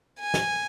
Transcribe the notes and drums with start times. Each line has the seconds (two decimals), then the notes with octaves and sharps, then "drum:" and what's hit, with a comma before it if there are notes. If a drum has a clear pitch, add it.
0.20 G#5
0.34 drum: snare